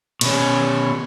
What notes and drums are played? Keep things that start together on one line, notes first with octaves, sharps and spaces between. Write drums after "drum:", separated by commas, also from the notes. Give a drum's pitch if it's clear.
B2 C#4, drum: cymbal